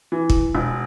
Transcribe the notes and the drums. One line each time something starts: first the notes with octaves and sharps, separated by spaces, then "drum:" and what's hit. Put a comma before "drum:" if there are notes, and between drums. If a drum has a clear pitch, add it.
E3
drum: kick
E1